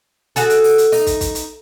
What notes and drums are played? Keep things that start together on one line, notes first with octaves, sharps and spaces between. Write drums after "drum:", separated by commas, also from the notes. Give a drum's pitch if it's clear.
F#4 G#4 A4, drum: hi-hat
drum: hi-hat
drum: open hi-hat
drum: hi-hat
D#4, drum: open hi-hat
drum: kick, hi-hat
drum: kick, hi-hat
drum: hi-hat